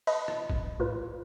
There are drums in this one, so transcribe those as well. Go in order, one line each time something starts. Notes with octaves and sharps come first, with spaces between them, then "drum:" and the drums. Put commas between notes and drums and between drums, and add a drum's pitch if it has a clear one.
B4 D#5 A5 B5, drum: open hi-hat
drum: rim click
drum: kick
A2 F4 A#4 B4